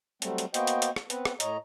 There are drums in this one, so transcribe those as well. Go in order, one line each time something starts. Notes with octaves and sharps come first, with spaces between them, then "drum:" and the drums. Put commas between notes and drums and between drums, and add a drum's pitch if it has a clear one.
F#3 G3 A3 C4, drum: hi-hat
drum: hi-hat
A#3 B3 F#4 C5 D#5 G5, drum: hi-hat
drum: hi-hat
drum: hi-hat
drum: rim click
B3 C4 B4, drum: hi-hat
drum: rim click
A2 C#5 D#5 A#5, drum: hi-hat